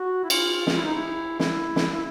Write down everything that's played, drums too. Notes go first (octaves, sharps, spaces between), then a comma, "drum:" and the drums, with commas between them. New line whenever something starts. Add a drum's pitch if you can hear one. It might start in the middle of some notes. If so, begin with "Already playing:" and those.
Already playing: F#4
E4
F4, drum: cymbal
F4
F4, drum: snare
E4
D#4
E4
E4, drum: snare
drum: snare